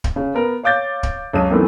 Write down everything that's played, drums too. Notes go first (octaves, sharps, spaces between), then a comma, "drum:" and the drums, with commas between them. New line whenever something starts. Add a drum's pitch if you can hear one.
drum: kick D1
C#3
B3 A#4
C#5 F5 D6 G6 A6
drum: kick D1
C#2 F#3 A5 D#7
F#2 D#3 E3 A3 B3 C4